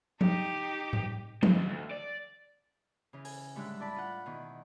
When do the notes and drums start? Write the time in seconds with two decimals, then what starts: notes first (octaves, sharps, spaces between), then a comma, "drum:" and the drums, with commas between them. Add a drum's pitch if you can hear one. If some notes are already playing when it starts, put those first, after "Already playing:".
0.21 D#4 G4, drum: tom F3
0.93 drum: tom A2
1.43 D#3 G3, drum: tom F3
1.68 D2
1.91 D5
3.13 C#3 E3
3.25 G#5, drum: open hi-hat
3.55 A2 D3 G3 G#3 E5 F#6
3.80 E4 D5 A5 B5
3.96 F4 F#5
4.26 B2 D#3 E3